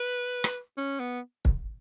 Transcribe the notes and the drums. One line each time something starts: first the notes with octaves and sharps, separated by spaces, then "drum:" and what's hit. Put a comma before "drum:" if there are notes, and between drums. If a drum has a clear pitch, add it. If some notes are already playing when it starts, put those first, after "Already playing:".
Already playing: B4
drum: rim click
C#4
B3
drum: kick